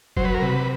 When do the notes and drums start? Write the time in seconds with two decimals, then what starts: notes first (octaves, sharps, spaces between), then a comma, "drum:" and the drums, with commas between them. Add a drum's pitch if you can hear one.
0.17 F#3 C5, drum: kick
0.25 B4
0.34 A#4
0.42 C3 B4